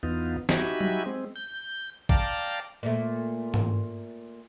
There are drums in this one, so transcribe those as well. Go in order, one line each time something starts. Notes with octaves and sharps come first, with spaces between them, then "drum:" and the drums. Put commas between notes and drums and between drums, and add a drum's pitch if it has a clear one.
E2 B3 D#4 F4
D#4 F#4 G4 E5 G#5 B5, drum: snare
drum: tom F#3
G#3 C4
G6
D5 F5 G5 A5 A#5 D6, drum: kick A1
A#2 A3
drum: tom G#2